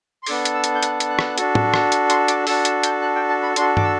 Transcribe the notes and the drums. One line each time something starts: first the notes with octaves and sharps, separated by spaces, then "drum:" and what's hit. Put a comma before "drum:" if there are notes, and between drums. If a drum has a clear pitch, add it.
C6
B3 D4 A4 D6, drum: open hi-hat
drum: hi-hat
E6
drum: hi-hat
G6
F#6, drum: hi-hat
drum: hi-hat
F#6
drum: rim click
D4 F#4 A4, drum: hi-hat
drum: tom A2
drum: rim click
drum: hi-hat
C6, drum: hi-hat
D6, drum: hi-hat
D4 F#4 A4 E6, drum: open hi-hat
E6, drum: hi-hat
G6, drum: hi-hat
F#6
G5
A5
B5
D4 F#4 A4 C6, drum: hi-hat
D6, drum: tom
E6